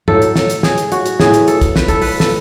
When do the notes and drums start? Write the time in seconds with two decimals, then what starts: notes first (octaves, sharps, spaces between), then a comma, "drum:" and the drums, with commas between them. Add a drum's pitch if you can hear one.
0.08 A2 F#3 A4, drum: tom
0.22 drum: hi-hat
0.36 A4, drum: snare
0.50 drum: hi-hat
0.63 G#4, drum: snare
0.78 drum: hi-hat
0.92 F#4, drum: hi-hat
1.06 drum: hi-hat
1.20 A2 E3 G#4, drum: snare
1.34 drum: hi-hat
1.48 A4, drum: hi-hat
1.61 drum: kick, hi-hat
1.76 B4, drum: snare
1.88 A4, drum: kick, hi-hat
2.02 B4, drum: open hi-hat
2.20 A4, drum: snare